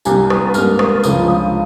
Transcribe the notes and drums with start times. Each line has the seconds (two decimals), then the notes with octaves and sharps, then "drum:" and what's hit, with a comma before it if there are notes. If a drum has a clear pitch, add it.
0.05 C2 C3 G3 G#5, drum: tambourine
0.30 D#6, drum: rim click
0.54 G#2 G3 A#3 F6, drum: tambourine
0.79 D#6, drum: rim click
1.04 C#2 C#3 F3 G#3 D#6, drum: tambourine
1.28 D#6